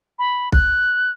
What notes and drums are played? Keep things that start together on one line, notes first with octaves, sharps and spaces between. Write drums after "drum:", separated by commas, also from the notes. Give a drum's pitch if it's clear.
B5
F#6, drum: kick B1